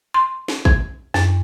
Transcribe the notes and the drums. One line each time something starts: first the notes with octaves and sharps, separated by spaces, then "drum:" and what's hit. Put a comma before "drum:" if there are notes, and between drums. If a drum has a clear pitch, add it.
C6
drum: snare
G#6, drum: kick
F#2, drum: snare